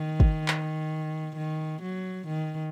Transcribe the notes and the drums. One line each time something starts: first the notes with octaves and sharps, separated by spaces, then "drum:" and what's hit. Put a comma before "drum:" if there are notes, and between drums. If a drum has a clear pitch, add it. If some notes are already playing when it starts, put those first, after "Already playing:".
Already playing: D#3
drum: kick
drum: clap
D#3
F#3
D#3